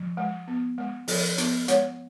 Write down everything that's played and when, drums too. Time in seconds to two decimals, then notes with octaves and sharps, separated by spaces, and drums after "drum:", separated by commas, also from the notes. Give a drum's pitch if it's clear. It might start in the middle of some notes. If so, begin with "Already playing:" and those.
Already playing: F3
0.17 G#3
0.48 B3
0.78 G#3
1.08 F3, drum: open hi-hat
1.38 B3, drum: hi-hat
1.68 G#3 C#5, drum: hi-hat